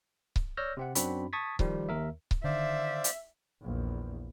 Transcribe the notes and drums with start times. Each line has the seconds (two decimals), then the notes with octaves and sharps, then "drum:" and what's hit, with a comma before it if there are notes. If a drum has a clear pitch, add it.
0.36 drum: kick C#1
0.57 C#5 D5 E6 F6 G6 A#6
0.77 C3 C4 F#5
0.95 F#2 C4 D4 F#4 B5, drum: hi-hat
1.33 A5 C#6 D#6 G#6 A6 B6
1.59 D#3 F3 G3, drum: kick C#1
1.89 D#2 A#4 E5
2.31 drum: kick C#1
2.44 D3 D#3 C5 D5 E5 F5
3.04 drum: hi-hat
3.62 A#1 E2